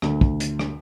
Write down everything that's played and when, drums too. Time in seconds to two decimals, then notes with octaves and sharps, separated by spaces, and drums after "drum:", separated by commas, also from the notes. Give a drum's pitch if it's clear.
0.02 D2, drum: rim click
0.21 drum: kick
0.40 drum: hi-hat
0.59 drum: rim click